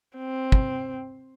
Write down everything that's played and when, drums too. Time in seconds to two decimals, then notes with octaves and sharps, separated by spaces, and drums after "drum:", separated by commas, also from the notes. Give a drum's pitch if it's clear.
0.17 C4
0.52 drum: kick